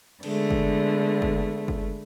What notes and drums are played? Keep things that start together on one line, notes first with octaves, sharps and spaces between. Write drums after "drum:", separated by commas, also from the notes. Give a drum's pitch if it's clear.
D3 G#3 A3 B3, drum: cymbal
drum: kick
drum: kick
drum: kick